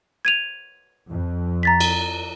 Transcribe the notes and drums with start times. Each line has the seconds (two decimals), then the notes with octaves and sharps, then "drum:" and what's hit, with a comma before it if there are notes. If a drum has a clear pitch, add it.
0.25 G#6 D#7 F7
1.10 F2
1.63 A#5 A6 B6
1.80 drum: cymbal